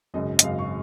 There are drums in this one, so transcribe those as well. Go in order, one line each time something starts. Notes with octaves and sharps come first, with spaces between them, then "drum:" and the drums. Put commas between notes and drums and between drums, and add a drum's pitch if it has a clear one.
G#1 F#2 C#3 D#5
D#5, drum: hi-hat
G#1 F#2 C#3 F5
C#6